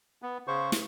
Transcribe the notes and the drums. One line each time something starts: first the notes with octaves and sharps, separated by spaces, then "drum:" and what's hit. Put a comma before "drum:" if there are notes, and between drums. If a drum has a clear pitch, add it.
B3
C#3 C5 C#6
drum: snare